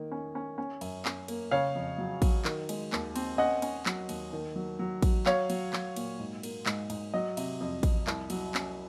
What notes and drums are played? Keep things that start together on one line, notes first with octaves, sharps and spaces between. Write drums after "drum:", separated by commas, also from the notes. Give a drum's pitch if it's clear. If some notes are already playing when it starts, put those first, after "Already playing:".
Already playing: D#3 A#3
C#4
C#4
C#4
F#2, drum: cymbal
C#4, drum: clap
A#3, drum: cymbal
C#3 C#5 F5
F2
F#3
F#3, drum: kick A1, cymbal
D#3, drum: clap
G#3, drum: cymbal
D#2, drum: clap
C4, drum: cymbal
C#4 D#5 F#5
C#4, drum: cymbal
F#3, drum: clap
D#2, drum: cymbal
D#3
F#3
F#3
F#3, drum: kick A1, cymbal
F#3 C#5 F5, drum: clap
F#3, drum: cymbal
F#3, drum: clap
A#2, drum: cymbal
G#2
A#3, drum: cymbal
G#2, drum: clap
G#2, drum: cymbal
F#3 D#5
C3, drum: cymbal
F2
F2, drum: kick A1, cymbal
C2, drum: clap
F#3, drum: cymbal
C#4, drum: clap